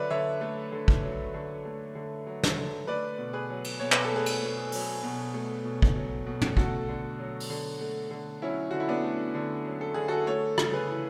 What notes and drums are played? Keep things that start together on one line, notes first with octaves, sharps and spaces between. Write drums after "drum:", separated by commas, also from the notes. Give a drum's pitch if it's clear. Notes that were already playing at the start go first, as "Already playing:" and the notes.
Already playing: D3 F#3 B4 C#5 D5 E5
D3 C#5 E5
A3
D3
drum: kick
F#3
D3
A3
D3
F#3
drum: snare
D3
A3 B4 D5
B2
G#4 B4
F#3
drum: cymbal
B2 C#5
B4, drum: clap
A4
A3 G#4 B4
drum: cymbal
B2
F#3, drum: open hi-hat
B2
A3
B2
drum: kick
F#3
B2
drum: tom
A3 F#4 A4, drum: kick
D3
F#3
drum: open hi-hat
D3
A3
D3
F#3 C#4 E4
D3 F#4
E4
B3 D4
A3
D3
F#3
A4
D3 G#4
F#4 A4
A3 A4 C#5
C#3, drum: rim click
G#4 B4
E3